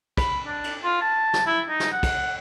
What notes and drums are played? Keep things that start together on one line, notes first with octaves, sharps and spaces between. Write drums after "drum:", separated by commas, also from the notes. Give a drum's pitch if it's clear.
B5, drum: kick, cymbal
D4
drum: cymbal
F4
A5
drum: snare
E4
D#4
drum: snare
F#5
drum: kick, cymbal